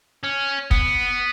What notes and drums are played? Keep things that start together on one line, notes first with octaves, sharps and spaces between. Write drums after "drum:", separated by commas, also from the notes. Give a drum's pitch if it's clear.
C#4
B3, drum: kick